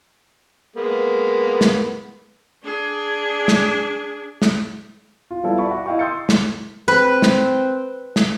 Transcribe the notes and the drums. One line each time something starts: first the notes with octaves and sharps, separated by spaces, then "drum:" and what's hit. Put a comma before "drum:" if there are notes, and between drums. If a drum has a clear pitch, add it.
G#3 A#3 B3
drum: snare
D4 G#4
drum: snare
drum: snare
F4
F3 G3 B3 E4 A4 F5
D5 E5 B5 C#6
F#4
E4 D#5 F5 G5 C#6
C6 D#6 E6 G6 A6 C#7
drum: snare
C4 B4
drum: snare
drum: snare